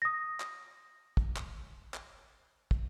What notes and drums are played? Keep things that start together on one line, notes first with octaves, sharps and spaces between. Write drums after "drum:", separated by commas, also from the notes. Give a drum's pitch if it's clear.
D#6 A#6
drum: clap
drum: kick
drum: clap
drum: clap
drum: kick